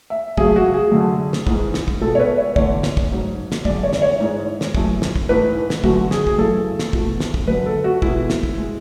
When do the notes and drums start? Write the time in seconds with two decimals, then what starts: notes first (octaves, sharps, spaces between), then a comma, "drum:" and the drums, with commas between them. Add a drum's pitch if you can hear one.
0.10 E5
0.37 F#2 C#3 F#3 A3 G#4, drum: kick
0.56 F#4
0.74 G#4
0.92 F#2 D3 A3
1.33 drum: snare
1.47 G#2 E3 G#3, drum: kick
1.74 drum: snare
1.88 drum: kick
2.01 B2 G#3 A4
2.15 C#5
2.20 B4
2.38 C#5
2.56 E2 D3 A3 C#5, drum: kick
2.83 drum: snare
2.97 drum: kick
3.10 G#2 F#3 A3
3.52 drum: snare
3.65 F#2 D3 G#3 D5, drum: kick
3.83 C#5
3.93 drum: snare
4.02 C#5
4.20 G#2 E3 G#3
4.61 drum: snare
4.75 F#2 E3 A3, drum: kick
5.02 drum: snare
5.16 drum: kick
5.29 G#2 E3 A3 B4
5.70 drum: snare
5.84 F#2 D3 A3 F#4, drum: kick
6.11 G#4, drum: snare
6.27 G#4, drum: kick
6.38 F#2 C#3 E3 A3 A4
6.79 drum: snare
6.93 E2 B2 A3, drum: kick
7.20 drum: snare
7.34 drum: kick
7.48 F#2 D3 F#3 B4
7.66 A4
7.84 F#4
8.02 G#3 E4, drum: kick
8.07 B2
8.30 drum: snare
8.43 drum: kick
8.58 G#3